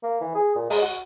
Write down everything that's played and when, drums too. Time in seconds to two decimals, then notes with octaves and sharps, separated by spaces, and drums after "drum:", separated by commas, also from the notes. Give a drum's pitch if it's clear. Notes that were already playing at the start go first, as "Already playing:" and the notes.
0.03 A#3
0.21 E3
0.35 G#4
0.55 A#2
0.70 G#3, drum: open hi-hat
0.82 F#4